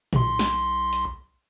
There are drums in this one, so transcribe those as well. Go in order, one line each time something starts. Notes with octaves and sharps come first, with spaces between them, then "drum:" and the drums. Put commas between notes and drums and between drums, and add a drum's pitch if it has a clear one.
B1 C6, drum: tom
drum: snare
drum: hi-hat